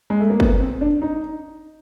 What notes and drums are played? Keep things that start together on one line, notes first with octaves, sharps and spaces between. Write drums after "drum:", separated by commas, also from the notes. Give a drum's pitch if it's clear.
G#3
A3
A#3
B3, drum: kick
C4
D4
D#4